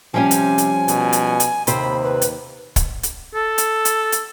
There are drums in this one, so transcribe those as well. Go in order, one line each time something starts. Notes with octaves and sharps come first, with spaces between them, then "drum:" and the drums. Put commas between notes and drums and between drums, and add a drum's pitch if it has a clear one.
C3 F3 G3 C#4 G#5
drum: hi-hat
drum: hi-hat
B2, drum: hi-hat
drum: hi-hat
drum: hi-hat
D#2 C3 C5 B5, drum: hi-hat
B4
drum: hi-hat
drum: kick, hi-hat
drum: hi-hat
A4
drum: hi-hat
drum: hi-hat
drum: hi-hat